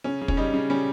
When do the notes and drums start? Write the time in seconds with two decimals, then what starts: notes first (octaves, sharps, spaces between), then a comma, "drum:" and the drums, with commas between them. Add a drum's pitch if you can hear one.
0.04 C#3 C#4
0.22 C#3
0.28 C#4, drum: kick
0.37 G3 D#4
0.54 C#3
0.70 G3 C#4